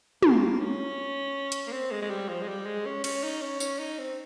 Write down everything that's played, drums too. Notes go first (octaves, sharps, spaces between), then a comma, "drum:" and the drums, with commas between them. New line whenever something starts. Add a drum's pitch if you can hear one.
A#3, drum: tom
C#4
drum: hi-hat
A#3
C4
G#3
G#3
G3
F3
G#3
G3
G#3
C#4
C#4, drum: cymbal
D#4
C#4
C#4, drum: tambourine
D#4
C4